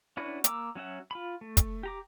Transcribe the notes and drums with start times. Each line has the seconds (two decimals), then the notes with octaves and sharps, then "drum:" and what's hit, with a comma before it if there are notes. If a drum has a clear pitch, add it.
0.17 C#4 D4 E4 F#4 B4
0.44 A#3 A#5 D6 E6, drum: hi-hat
0.75 F#3 C#4 E5 F#5
1.11 F4 B5
1.41 A3
1.57 drum: kick, hi-hat
1.83 G4 A#5 D6